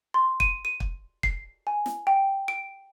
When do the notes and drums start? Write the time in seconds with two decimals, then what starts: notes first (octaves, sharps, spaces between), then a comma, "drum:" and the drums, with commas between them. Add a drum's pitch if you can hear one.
0.14 C6
0.40 D#7, drum: kick
0.65 D#7
0.80 drum: kick
1.23 C7, drum: kick
1.67 G#5
1.86 drum: snare
2.07 G5
2.48 D7